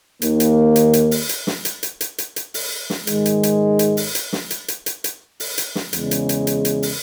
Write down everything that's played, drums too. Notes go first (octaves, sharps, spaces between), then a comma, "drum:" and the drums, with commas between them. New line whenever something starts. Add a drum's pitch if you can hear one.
D#2 D#3 A#3, drum: hi-hat
drum: hi-hat
drum: hi-hat
drum: hi-hat
drum: open hi-hat
drum: hi-hat
drum: snare
drum: hi-hat
drum: hi-hat
drum: hi-hat
drum: hi-hat
drum: hi-hat
drum: open hi-hat
drum: snare
G#2 D#3 G#3, drum: hi-hat
drum: hi-hat
drum: hi-hat
drum: hi-hat
drum: open hi-hat
drum: hi-hat
drum: snare
drum: hi-hat
drum: hi-hat
drum: hi-hat
drum: hi-hat
drum: open hi-hat
drum: hi-hat
drum: snare
E2 C#3 G#3, drum: hi-hat
drum: hi-hat
drum: hi-hat
drum: hi-hat
drum: hi-hat
drum: open hi-hat